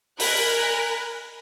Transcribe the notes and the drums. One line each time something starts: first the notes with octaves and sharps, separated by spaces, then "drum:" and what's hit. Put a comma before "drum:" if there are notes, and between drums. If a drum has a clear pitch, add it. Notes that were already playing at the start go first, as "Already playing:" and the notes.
A#4 G#5 B5 F#6, drum: open hi-hat